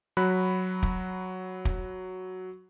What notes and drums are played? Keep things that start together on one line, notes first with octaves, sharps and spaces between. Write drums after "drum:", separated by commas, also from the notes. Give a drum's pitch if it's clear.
F#3 F#4 B5 F#6
drum: kick
drum: kick